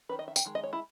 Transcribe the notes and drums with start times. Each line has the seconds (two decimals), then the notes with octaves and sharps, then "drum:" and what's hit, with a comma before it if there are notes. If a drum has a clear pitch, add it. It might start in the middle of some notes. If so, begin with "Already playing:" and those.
0.09 D#3 G#3 C#4 B4
0.19 D#5
0.28 E5
0.36 G5, drum: tambourine
0.45 D#3 G#3
0.55 D#5
0.63 C#5
0.73 E4